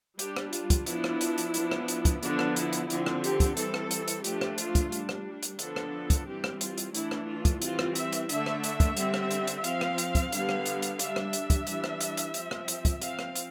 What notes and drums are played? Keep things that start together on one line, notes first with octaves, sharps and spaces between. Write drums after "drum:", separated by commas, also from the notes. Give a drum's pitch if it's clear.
G3 D4 G4, drum: hi-hat
drum: rim click
F4, drum: hi-hat
drum: kick, hi-hat
F3 B3 D4 E4, drum: hi-hat
drum: rim click
drum: hi-hat
drum: hi-hat
F3 B3 D4, drum: hi-hat
drum: rim click
drum: hi-hat
drum: kick, hi-hat
D3 F3 B3 D4, drum: hi-hat
drum: rim click
E4, drum: hi-hat
drum: hi-hat
D3 F3 C4, drum: hi-hat
drum: rim click
G4, drum: hi-hat
drum: kick, hi-hat
E3 G3 C4 A4, drum: hi-hat
drum: rim click
drum: hi-hat
drum: hi-hat
F3 A3 D4 G4, drum: hi-hat
drum: rim click
F4, drum: hi-hat
drum: kick, hi-hat
G3 D4, drum: hi-hat
drum: rim click
drum: hi-hat
D3 F3 B3 D4 A4, drum: hi-hat
drum: rim click
drum: kick, hi-hat
E3 G3 C4 G4
drum: rim click
F4, drum: hi-hat
drum: hi-hat
E3 A3 D4 E4, drum: hi-hat
drum: rim click
F4
drum: kick, hi-hat
E3 G3 C4 F4, drum: hi-hat
drum: rim click
E5, drum: hi-hat
drum: hi-hat
D3 A3 D4 E5, drum: hi-hat
drum: rim click
E5, drum: hi-hat
drum: kick, hi-hat
D3 G3 C4, drum: hi-hat
drum: rim click
drum: hi-hat
drum: hi-hat
F3 C4 F5, drum: hi-hat
drum: rim click
drum: hi-hat
drum: kick, hi-hat
D3 G3 B3, drum: hi-hat
drum: rim click
drum: hi-hat
drum: hi-hat
G3 D4 E5, drum: hi-hat
drum: rim click
drum: hi-hat
drum: kick, hi-hat
E3 G3 D4, drum: hi-hat
drum: rim click
drum: hi-hat
drum: hi-hat
F3 C4, drum: hi-hat
drum: rim click
drum: hi-hat
drum: kick, hi-hat
F3 C4 F5, drum: hi-hat
drum: rim click
drum: hi-hat